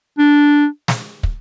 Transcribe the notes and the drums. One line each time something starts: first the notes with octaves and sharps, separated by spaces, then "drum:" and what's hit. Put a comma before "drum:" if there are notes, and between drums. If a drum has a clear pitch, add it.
D4
drum: snare
drum: kick